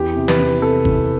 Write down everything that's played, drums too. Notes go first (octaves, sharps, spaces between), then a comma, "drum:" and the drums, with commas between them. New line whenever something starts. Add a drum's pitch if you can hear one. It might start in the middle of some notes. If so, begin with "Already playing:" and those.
Already playing: E2 G4
C3
B4, drum: snare
E2
C3 A4
E2, drum: kick G1